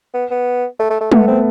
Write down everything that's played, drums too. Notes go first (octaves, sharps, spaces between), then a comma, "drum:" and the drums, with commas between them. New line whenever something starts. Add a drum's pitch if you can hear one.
B3
B3
A3
A3
A3
A3 B3, drum: tom
B3 C4